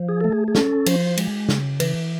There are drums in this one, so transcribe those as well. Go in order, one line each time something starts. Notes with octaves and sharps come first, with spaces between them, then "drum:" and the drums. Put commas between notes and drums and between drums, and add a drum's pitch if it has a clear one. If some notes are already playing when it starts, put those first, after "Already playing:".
Already playing: F3
G#4
A3 A4
G#4
G#4
C#4 A4, drum: snare
F3 C5, drum: cymbal
G#3, drum: cymbal
C#3, drum: snare
E3, drum: cymbal